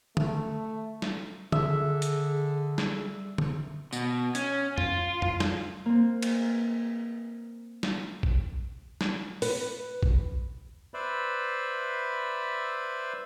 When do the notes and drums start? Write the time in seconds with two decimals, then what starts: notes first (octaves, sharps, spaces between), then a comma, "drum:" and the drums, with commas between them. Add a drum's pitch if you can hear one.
0.17 A3, drum: tom
1.02 drum: snare
1.52 D3 G#4 E5, drum: tom
2.02 drum: hi-hat
2.78 G3, drum: snare
3.38 drum: tom
3.93 B2, drum: tambourine
4.35 C#4, drum: hi-hat
4.78 F4, drum: tom F2
5.22 drum: tom F2
5.40 drum: snare
5.86 A#3 C4
6.22 drum: cymbal
7.83 drum: snare
8.23 drum: kick A#1
9.01 drum: snare
9.42 B4, drum: open hi-hat
10.03 drum: kick A#1
10.94 B4 C5 D5 E5 B5